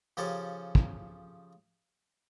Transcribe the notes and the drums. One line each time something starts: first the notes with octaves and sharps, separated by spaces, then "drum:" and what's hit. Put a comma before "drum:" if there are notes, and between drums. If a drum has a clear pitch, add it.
C#3 F3 C#4 G4 A4 C#5
drum: kick